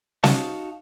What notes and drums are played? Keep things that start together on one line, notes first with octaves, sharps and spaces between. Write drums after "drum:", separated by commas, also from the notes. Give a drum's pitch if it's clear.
D#4 F#4 D#5 F5 A5, drum: snare